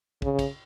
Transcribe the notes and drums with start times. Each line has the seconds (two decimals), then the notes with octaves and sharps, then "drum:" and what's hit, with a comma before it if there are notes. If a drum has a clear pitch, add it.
0.22 C#3, drum: kick
0.39 drum: kick, cymbal